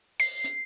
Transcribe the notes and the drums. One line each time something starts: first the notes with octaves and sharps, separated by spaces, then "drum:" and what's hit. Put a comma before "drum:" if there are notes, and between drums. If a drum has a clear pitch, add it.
C7, drum: open hi-hat
drum: hi-hat